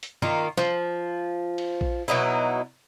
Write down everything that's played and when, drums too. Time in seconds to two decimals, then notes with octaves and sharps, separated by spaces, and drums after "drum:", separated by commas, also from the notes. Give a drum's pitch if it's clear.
0.03 drum: hi-hat
0.22 D#3 A#3 F4, drum: tom
0.58 F3, drum: snare
1.58 drum: cymbal
1.81 drum: kick A#1
2.08 B2 F#3 D#4 E4